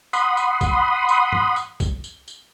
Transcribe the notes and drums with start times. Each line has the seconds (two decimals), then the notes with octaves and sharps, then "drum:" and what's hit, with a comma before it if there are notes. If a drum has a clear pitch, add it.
0.13 F#5 B5 C6 D#6, drum: tambourine
0.37 drum: tambourine
0.61 drum: kick B1, tambourine
1.09 drum: tambourine
1.32 drum: tom G#2
1.56 drum: tambourine
1.80 drum: kick B1, tambourine
2.04 drum: tambourine
2.28 drum: tambourine